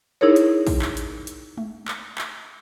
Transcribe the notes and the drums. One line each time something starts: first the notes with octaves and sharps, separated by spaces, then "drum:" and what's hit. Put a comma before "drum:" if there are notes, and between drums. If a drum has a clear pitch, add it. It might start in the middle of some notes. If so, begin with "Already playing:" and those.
D#4 E4 G#4 A#4 C#5
drum: hi-hat
drum: kick, open hi-hat
drum: clap
drum: hi-hat
drum: hi-hat
drum: tom G#3
drum: clap
drum: clap